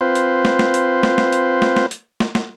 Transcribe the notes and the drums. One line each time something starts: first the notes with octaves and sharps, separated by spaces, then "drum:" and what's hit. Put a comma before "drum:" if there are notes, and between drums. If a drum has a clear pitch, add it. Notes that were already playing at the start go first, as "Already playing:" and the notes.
C4 F4 B4 C5
drum: hi-hat
drum: snare
drum: snare
drum: hi-hat
drum: snare
drum: snare
drum: hi-hat
drum: snare
drum: snare
drum: hi-hat
drum: snare
drum: snare